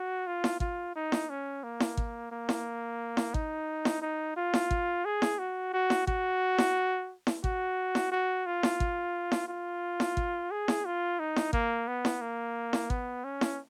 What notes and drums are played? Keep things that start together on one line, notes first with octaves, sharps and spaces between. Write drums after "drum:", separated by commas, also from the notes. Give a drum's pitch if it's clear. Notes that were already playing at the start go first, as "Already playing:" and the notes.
Already playing: F#4
F4
drum: snare E4
F4, drum: kick
D#4
drum: snare E4
C#4
A#3
drum: snare E4
drum: kick
A#3
drum: snare E4
drum: snare E4
D#4, drum: kick
drum: snare E4
D#4
F4
drum: snare E4
drum: kick
G#4
drum: snare E4
F#4
F#4
drum: snare E4
F#4, drum: kick
drum: snare E4
drum: snare E4
F#4, drum: kick
drum: snare E4
F#4
F4
drum: snare E4
drum: kick
drum: snare E4
F4
drum: snare E4
drum: kick
G#4
drum: snare E4
F4
D#4
drum: snare E4
A#3, drum: kick
B3
drum: snare E4
A#3
drum: snare E4
B3, drum: kick
C#4
drum: snare E4